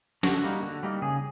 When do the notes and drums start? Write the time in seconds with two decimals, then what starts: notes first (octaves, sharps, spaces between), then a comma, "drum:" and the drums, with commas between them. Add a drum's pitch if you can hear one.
0.23 D3 F#4, drum: snare
0.44 G3 A#3 D#4
0.63 D3
0.83 G3 A#3 D#4
1.02 C#3 G#4